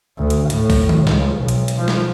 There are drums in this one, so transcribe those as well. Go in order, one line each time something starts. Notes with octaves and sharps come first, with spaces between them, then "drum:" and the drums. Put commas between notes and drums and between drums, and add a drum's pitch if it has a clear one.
D2
drum: hi-hat
A2, drum: hi-hat
drum: kick B1, open hi-hat
drum: tom D#3
C#2 F3, drum: snare
B1
drum: hi-hat
drum: hi-hat
F3
drum: snare